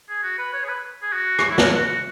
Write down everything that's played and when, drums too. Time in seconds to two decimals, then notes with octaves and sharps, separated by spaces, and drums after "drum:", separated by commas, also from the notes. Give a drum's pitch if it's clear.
0.09 G#4
0.23 F#4
0.38 B4
0.53 C#5
0.64 G#4
0.68 B4
1.02 G#4
1.13 F#4
1.39 drum: rim click
1.50 E4
1.58 F#4, drum: snare
1.73 F#4
1.88 F#4